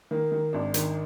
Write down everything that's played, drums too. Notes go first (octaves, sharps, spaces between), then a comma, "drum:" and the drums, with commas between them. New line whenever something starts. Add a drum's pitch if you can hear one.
D#3 A#3
D#3
G#1 D4
D#3, drum: hi-hat